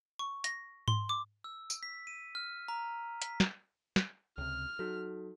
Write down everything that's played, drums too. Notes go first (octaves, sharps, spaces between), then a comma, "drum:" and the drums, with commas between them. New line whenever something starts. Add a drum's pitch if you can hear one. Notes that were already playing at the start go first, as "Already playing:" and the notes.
C#6
A#6, drum: hi-hat
C6, drum: tom G#2
D6
E6
drum: tambourine
B6
D#7
F6
A#5
B6, drum: hi-hat
drum: snare
drum: snare
C#2 C3 F6
F#3 D#4 F#4 A4